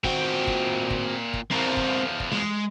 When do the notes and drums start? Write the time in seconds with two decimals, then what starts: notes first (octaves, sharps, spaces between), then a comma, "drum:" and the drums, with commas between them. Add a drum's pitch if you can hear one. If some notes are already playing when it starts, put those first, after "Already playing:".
0.04 A#2 C4 F#4 G5, drum: kick
0.47 drum: kick
0.90 drum: kick
1.34 drum: kick
1.51 E2 F3 C4 A#4
1.77 drum: kick
2.20 drum: kick
2.33 G#3